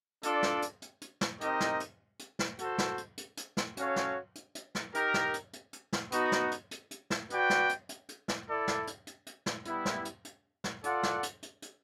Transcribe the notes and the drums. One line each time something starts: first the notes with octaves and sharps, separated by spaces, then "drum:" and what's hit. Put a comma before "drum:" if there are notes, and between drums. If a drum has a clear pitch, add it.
D4 F4 A4 D5, drum: hi-hat
drum: snare
drum: hi-hat
drum: hi-hat
drum: hi-hat
drum: snare
C4 D#4 G4 A#4 D#5, drum: hi-hat
drum: snare
drum: hi-hat
drum: hi-hat
drum: snare
F#4 A4 C5, drum: hi-hat
drum: snare
drum: hi-hat
drum: hi-hat
drum: hi-hat
drum: snare
C#4 F#4 A4 C#5 F5, drum: hi-hat
drum: snare
drum: hi-hat
drum: hi-hat
drum: snare
D#4 G4 A#4, drum: hi-hat
drum: snare
drum: hi-hat
drum: hi-hat
drum: hi-hat
drum: snare
B3 D#4 F#4, drum: hi-hat
drum: snare
drum: hi-hat
drum: hi-hat
drum: hi-hat
drum: snare
F#4 B4 D5 G5, drum: hi-hat
drum: snare
drum: hi-hat
drum: hi-hat
drum: hi-hat
drum: snare
E4 A4 D5
drum: snare
drum: hi-hat
drum: hi-hat
drum: hi-hat
drum: snare
G3 B3 E4, drum: hi-hat
drum: snare
drum: hi-hat
drum: hi-hat
drum: snare
F4 A4 D5 F#5, drum: hi-hat
drum: snare
drum: hi-hat
drum: hi-hat
drum: hi-hat